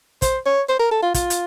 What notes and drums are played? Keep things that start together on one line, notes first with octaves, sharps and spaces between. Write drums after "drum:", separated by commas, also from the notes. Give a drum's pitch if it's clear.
C5, drum: kick, hi-hat
C#5
C5
A#4
A4
F4
F4, drum: kick, hi-hat
drum: hi-hat